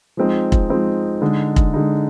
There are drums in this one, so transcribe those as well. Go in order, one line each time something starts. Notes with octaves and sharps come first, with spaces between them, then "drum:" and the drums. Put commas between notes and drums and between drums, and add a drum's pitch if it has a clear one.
F3 G#3 C4 D#4
drum: kick
F3 G#3 C4 D#4
D3 G#3 D#4
drum: kick
D3 G#3 D#4